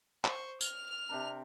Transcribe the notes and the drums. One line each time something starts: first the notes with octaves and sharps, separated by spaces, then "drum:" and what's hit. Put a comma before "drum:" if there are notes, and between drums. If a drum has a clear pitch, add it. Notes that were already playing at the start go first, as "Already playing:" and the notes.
C5 C#6, drum: clap
F6 F7, drum: tambourine
C3 D4 A#4